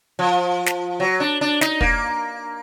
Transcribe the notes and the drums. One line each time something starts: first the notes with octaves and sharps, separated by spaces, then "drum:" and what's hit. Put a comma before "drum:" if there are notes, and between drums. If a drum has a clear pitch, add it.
F3
drum: snare
F#3
D4
D4
D#4, drum: snare
A#3, drum: kick